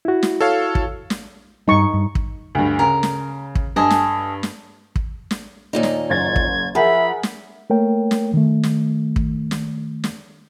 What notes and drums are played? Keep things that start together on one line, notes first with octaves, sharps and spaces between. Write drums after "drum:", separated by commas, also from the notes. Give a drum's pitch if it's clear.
E4 F#4
drum: snare
A4 C#5 F5
drum: kick
drum: snare
G2 G3 D#4 C#6
G2
drum: kick
D2 G2
C#3 A#4
drum: snare
drum: kick
G2 A4 D#5 G#5
drum: snare
drum: snare
drum: kick
drum: snare
D#2 A#2 D#4
drum: snare
F#1 G#6 A6
drum: kick
F3 G#4 A#4 E5 F#5 B5
drum: snare
A3 A#3 A#4 C#5 G5
drum: snare
D#3 A3
drum: snare
drum: kick
drum: snare
drum: snare